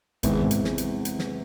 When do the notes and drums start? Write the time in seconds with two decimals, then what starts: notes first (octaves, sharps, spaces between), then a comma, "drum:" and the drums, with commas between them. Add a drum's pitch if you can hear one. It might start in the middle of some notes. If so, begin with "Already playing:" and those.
0.23 G#1 E2 G#2 C3 E3 G#3, drum: hi-hat
0.51 drum: hi-hat
0.64 drum: snare
0.78 drum: hi-hat
1.05 drum: hi-hat
1.19 drum: snare